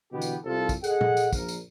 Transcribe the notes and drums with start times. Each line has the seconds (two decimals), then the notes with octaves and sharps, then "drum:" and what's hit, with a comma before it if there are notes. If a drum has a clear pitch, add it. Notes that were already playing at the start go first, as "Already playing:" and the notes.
0.12 B2 D3 E3 B3 G4
0.22 drum: tambourine
0.45 C2 F4 A4
0.69 drum: kick, tambourine
0.84 G#4 A4 D#5 F#5, drum: tambourine
1.01 drum: tom A#2
1.17 drum: tambourine
1.33 A#1 A#4, drum: kick, tambourine
1.48 drum: tambourine